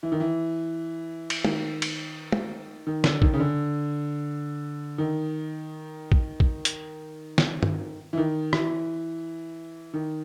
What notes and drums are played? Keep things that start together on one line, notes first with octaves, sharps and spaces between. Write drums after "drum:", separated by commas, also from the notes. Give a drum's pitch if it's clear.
E3
D#3
E3
drum: cymbal
D#3, drum: tom
drum: cymbal
drum: tom
D#3
D3, drum: snare
D#3, drum: kick
C#3
D3
D#3
drum: kick
drum: kick
drum: hi-hat
drum: snare
drum: tom
E3
D#3
E3, drum: rim click
D#3